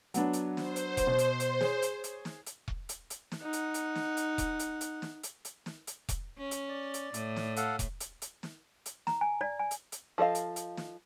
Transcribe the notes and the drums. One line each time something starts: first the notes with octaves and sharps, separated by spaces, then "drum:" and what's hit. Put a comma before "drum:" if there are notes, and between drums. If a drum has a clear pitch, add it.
F#3 B3 D4, drum: hi-hat
drum: hi-hat
C5, drum: snare
drum: hi-hat
drum: kick E1, hi-hat
B2
drum: hi-hat
drum: hi-hat
G#4 C#5, drum: snare
drum: hi-hat
drum: hi-hat
drum: snare
drum: hi-hat
drum: kick E1
drum: hi-hat
drum: hi-hat
drum: snare
D#4 F#5
drum: hi-hat
drum: hi-hat
drum: snare
drum: hi-hat
drum: kick E1, hi-hat
drum: hi-hat
drum: hi-hat
drum: snare
drum: hi-hat
drum: hi-hat
drum: snare
drum: hi-hat
drum: kick E1, hi-hat
C#4
drum: hi-hat
D5
drum: hi-hat
A2, drum: hi-hat
drum: snare
A4 F5 F#5, drum: hi-hat
drum: kick E1, hi-hat
drum: hi-hat
drum: hi-hat
drum: snare
drum: hi-hat
A#5, drum: snare
G#5
D5
G#5
drum: hi-hat
drum: hi-hat
F3 A4 D#5 F5
drum: hi-hat
drum: hi-hat
drum: snare